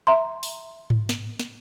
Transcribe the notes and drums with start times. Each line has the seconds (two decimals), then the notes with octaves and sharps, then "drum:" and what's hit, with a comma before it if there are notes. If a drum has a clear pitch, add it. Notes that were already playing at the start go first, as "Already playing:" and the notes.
0.07 E5 A#5 C6
0.43 drum: open hi-hat
0.90 drum: tom G#2
1.09 drum: snare
1.39 drum: snare